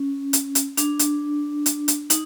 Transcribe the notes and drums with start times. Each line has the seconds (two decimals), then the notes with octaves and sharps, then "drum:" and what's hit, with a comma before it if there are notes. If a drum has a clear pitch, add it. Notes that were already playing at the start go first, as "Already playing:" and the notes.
Already playing: C#4
0.33 drum: hi-hat
0.55 drum: hi-hat
0.77 D4, drum: hi-hat
0.99 drum: hi-hat
1.66 drum: hi-hat
1.88 drum: hi-hat
2.10 D#4, drum: hi-hat